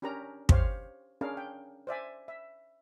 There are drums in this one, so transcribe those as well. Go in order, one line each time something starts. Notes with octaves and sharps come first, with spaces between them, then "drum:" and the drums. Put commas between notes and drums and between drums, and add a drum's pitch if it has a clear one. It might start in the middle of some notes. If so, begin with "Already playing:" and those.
C#4 D4 G4 A#4 A#5
G4 C5 C#5 F5, drum: kick
C#4 D4 G#4 A#4 F5
G5
C5 D5 E5 G#5
E5